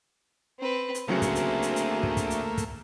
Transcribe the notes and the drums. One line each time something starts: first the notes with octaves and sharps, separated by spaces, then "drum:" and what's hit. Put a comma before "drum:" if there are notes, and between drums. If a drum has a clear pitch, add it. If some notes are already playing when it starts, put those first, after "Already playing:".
C4 B4
drum: hi-hat
D2 C#3 F#3 A3 A#3 C4 G#4 C#7
drum: kick, hi-hat
drum: hi-hat
drum: hi-hat
drum: hi-hat
drum: kick
drum: kick, hi-hat
drum: hi-hat
drum: kick, hi-hat